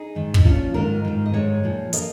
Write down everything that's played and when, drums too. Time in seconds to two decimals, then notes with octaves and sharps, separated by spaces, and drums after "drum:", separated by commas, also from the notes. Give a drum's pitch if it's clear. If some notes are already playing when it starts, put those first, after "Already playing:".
Already playing: D#4 G#4
0.15 G#2 D#3
0.34 drum: kick
0.45 A#2 F3 C#4 F4
0.74 G#2 D#3 F4 A#4
1.05 G#2 D#3
1.26 D#5
1.33 G#2 D#3 G#4 C#5
1.63 A#2 F3
1.93 F3 A#4 D#5, drum: hi-hat